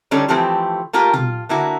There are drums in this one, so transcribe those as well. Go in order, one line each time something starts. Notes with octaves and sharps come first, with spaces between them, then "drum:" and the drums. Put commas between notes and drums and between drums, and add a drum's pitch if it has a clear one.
D3 G3 C#4 D#4 A4
E3 F3 A3 C4 G4
A3 A#3 F4 G4 A#4
F4, drum: tom
D3 A#3 E4 F#4